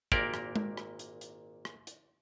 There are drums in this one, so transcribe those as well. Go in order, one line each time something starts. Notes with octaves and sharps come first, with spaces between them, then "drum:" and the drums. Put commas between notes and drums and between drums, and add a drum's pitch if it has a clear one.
G#1 A#2 A#3 G4 A#4 D5, drum: kick, hi-hat
drum: rim click
drum: tom G#3
drum: rim click
drum: hi-hat
drum: hi-hat
drum: rim click
drum: hi-hat